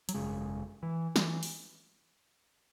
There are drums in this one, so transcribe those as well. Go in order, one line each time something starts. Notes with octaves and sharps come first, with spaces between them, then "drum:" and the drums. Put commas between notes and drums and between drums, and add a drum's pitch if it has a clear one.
F#3, drum: hi-hat
G#1 F#2 C#3 G#3
E3
E3, drum: snare
drum: open hi-hat